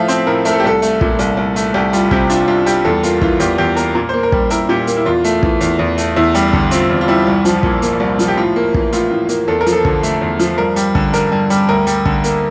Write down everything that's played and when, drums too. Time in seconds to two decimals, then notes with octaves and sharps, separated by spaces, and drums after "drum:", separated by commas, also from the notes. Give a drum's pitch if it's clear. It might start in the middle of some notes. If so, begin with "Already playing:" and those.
Already playing: A2 F3 A3 E5 F5
0.08 C4 C5, drum: hi-hat
0.27 A2 A#4
0.45 A3 A#4, drum: hi-hat
0.52 A4
0.60 G4
0.64 C2 A4
0.82 A3, drum: hi-hat
1.01 A#2, drum: kick
1.19 C2, drum: hi-hat
1.37 C2
1.56 A3, drum: hi-hat
1.74 C2 G4
1.93 G3 F4, drum: hi-hat
2.11 C3 G4, drum: kick
2.30 D4 F4, drum: hi-hat
2.48 C2 F4
2.66 G3 G4, drum: hi-hat
2.85 E2 A4
3.03 A#3 F4, drum: hi-hat
3.21 E3 F4, drum: kick
3.40 E2 G4, drum: hi-hat
3.58 E2 G4
3.77 A#3 A#4, drum: hi-hat
3.95 A#2 A#4
4.09 A#3 C5
4.23 A#4
4.32 G3, drum: kick
4.50 E4 A#4, drum: hi-hat
4.69 A#2 G4
4.87 A#3, drum: hi-hat
4.97 E4
5.06 E2 F4
5.24 A3, drum: hi-hat
5.43 E3, drum: kick
5.61 E2, drum: hi-hat
5.79 E2
5.98 A3, drum: hi-hat
6.16 E2 E4
6.35 G3, drum: hi-hat
6.53 D3, drum: kick
6.71 C4 F4, drum: hi-hat
6.90 E2
7.01 F4
7.08 G3 E4
7.27 C2
7.45 F3, drum: hi-hat
7.63 A#2, drum: kick
7.82 A#3, drum: hi-hat
8.00 C2
8.19 F3, drum: hi-hat
8.28 G4
8.37 A2 F4
8.56 A#3
8.74 E3, drum: kick
8.92 A2 F4, drum: hi-hat
9.11 A2
9.29 A#3, drum: hi-hat
9.48 E2 A4
9.61 A#4
9.66 F3, drum: hi-hat
9.72 A4
9.85 D3, drum: kick
10.03 A3, drum: hi-hat
10.22 E2
10.39 F3, drum: hi-hat
10.58 G2 A#4
10.76 G3, drum: hi-hat
10.95 D3, drum: kick
11.13 G2 A#4, drum: hi-hat
11.32 G2
11.50 G3, drum: hi-hat
11.69 D2 A#4
11.87 G3, drum: hi-hat
12.05 D3, drum: kick
12.24 A#3, drum: hi-hat